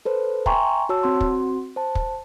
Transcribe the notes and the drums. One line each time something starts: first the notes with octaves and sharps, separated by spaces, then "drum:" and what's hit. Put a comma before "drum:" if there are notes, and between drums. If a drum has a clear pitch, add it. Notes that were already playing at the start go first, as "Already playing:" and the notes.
A4 B4 C5
E5 G5 G#5 A#5 C6 C#6, drum: kick
F#4 C#5 A5 E6
C4 F#4 C6
drum: kick
C5 A5
drum: kick